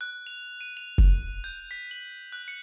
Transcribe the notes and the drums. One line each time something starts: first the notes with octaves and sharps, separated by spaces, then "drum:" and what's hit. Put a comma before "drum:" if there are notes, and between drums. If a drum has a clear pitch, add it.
F#6
F7
D#7
F7
drum: kick F1
G6
B6
F#7
F#6
C#7